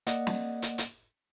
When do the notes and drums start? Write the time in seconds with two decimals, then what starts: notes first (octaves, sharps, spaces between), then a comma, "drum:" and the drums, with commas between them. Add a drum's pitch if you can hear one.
0.07 A#3 D5 D#5 F#5, drum: hi-hat
0.27 drum: snare
0.62 drum: hi-hat
0.78 drum: hi-hat